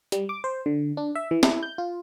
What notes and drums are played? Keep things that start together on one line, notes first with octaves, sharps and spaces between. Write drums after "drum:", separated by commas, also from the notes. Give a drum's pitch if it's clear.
G3, drum: hi-hat
D6
C5
D3
D4
E5
E3
E4, drum: snare
G6
F4